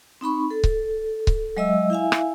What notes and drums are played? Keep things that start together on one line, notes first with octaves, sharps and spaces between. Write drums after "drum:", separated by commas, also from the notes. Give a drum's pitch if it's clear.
C4 D#4 B5 C#6
A4
drum: kick C#1
drum: kick C#1
F#3 G#3 D#5 E5 E6
E4 E5 F5 G#5
drum: rim click